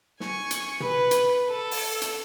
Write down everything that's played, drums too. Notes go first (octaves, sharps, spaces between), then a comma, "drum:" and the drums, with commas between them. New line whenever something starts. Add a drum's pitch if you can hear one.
G#5 C#6, drum: snare
drum: hi-hat
B4, drum: tom
drum: hi-hat
A4
drum: open hi-hat
drum: hi-hat